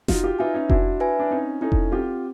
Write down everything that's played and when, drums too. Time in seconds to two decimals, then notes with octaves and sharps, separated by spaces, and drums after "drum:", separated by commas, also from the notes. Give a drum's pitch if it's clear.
0.08 D#4 F4 F#4, drum: snare F1
0.23 F4 G4
0.39 D#4 F4 B4 E5 G#5
0.54 C#4 D#4
0.70 D4 E4 F#4, drum: kick F1
1.00 B4 E5 G#5
1.19 D4
1.31 C4 C#4 D#4
1.61 C#4 D#4 E4 A4
1.72 drum: kick F1
1.92 C4 F4 G4